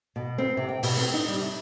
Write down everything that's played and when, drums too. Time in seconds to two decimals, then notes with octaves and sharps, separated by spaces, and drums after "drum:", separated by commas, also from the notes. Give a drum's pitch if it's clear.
0.16 B2
0.38 C4
0.57 C3
0.69 G5
0.83 B2, drum: open hi-hat
0.97 C4
1.14 D#4
1.28 G3
1.41 C3